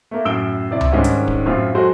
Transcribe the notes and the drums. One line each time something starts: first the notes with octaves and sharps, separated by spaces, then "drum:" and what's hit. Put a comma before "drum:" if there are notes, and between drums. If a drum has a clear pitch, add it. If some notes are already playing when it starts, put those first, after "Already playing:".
A3 A#3
F#2 A2 E6 D7 G7
C3 E4 D5
drum: tom C#2
G#2 D#3 G3 G#3 C#4 D4
drum: hi-hat
drum: kick D1
F#2 A2 C4 F4
F#3 G#3 F#4 A4 C5